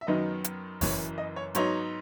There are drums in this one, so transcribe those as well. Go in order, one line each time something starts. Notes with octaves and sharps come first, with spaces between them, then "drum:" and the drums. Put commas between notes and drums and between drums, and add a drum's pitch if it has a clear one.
E5
F#2 D#3 F#3 B3 D#4 D#5
drum: hi-hat
F#1 F#2 E3 C#5, drum: kick F#1, open hi-hat
D#5
C#5
G#2 F#3 B3 D#4 C#5, drum: hi-hat